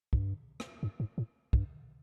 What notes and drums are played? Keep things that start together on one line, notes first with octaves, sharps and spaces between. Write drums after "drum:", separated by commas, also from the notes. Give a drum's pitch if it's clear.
G2, drum: kick
drum: rim click
G2
G#2
A2
G2, drum: kick